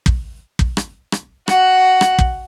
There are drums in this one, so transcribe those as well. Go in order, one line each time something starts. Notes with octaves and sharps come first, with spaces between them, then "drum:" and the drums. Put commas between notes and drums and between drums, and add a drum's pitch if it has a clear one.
drum: kick
drum: kick
drum: rim click
drum: rim click
F#4 F#5, drum: rim click
drum: rim click
drum: kick